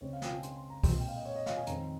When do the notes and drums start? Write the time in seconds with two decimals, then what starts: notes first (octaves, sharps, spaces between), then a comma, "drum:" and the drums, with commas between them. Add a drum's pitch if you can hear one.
0.01 C#2 C#3 G#3 C4 C#5
0.13 F5
0.22 G5, drum: snare
0.32 G#5
0.43 C6, drum: hi-hat
0.57 C6
0.70 A#5
0.83 A#2 G#3 C4 C6, drum: kick C2, open hi-hat
0.99 G5
1.08 F5
1.16 D#5
1.25 C#5
1.36 D#5
1.46 F5, drum: snare
1.57 G#5
1.67 F2 D#3 G#3 C4 A#5, drum: hi-hat